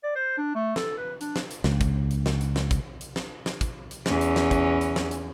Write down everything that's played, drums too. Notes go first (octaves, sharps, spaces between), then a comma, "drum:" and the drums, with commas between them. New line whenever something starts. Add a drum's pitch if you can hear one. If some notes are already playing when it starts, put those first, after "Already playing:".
D5
C5
D4
A3
A4, drum: snare
B4
D4, drum: hi-hat
drum: snare
drum: hi-hat
C#2, drum: snare
drum: kick, hi-hat
drum: hi-hat
drum: snare
drum: hi-hat
drum: snare
drum: kick, hi-hat
drum: hi-hat
drum: snare
drum: snare
drum: kick, hi-hat
drum: hi-hat
E2 C#4, drum: snare
drum: hi-hat
drum: snare
drum: kick, hi-hat
drum: hi-hat
drum: snare
drum: hi-hat